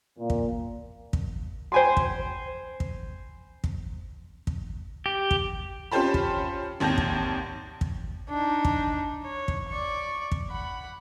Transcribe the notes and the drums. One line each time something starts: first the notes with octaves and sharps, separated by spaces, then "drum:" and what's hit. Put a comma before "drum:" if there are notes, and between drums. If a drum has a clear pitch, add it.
A#2
drum: kick
drum: kick
C5 G5 G#5 B5 C6
drum: kick
drum: kick
drum: kick
drum: kick
G4
drum: kick
C#4 F4 G4 C5 A5 B5
drum: kick
G#1 D#2 A5 G6 A#6
drum: kick
drum: kick
D4 D#4
drum: kick
C#5
drum: kick
D5 C#6
drum: kick
F#5 B5